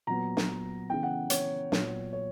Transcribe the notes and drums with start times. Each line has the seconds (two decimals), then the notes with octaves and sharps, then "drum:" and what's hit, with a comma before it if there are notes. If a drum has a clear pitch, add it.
0.07 A#2 F#3 B3 A#5
0.37 drum: snare
0.89 C#3 E3 B3 G5
1.03 F#5
1.30 C#5, drum: hi-hat
1.72 A#2 F#3 B3, drum: snare
2.13 C#5